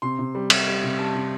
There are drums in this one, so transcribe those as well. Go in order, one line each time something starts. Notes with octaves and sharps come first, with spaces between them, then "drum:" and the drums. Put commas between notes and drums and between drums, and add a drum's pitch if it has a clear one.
C3 C6
C3
G3
G3, drum: cymbal
G3
C3
G3 A5
C3